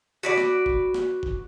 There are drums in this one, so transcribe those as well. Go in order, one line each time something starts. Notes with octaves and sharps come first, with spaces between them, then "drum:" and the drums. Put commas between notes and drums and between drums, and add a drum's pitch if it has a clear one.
F#4 B4 D5
drum: snare
drum: kick F1
drum: snare
drum: kick F1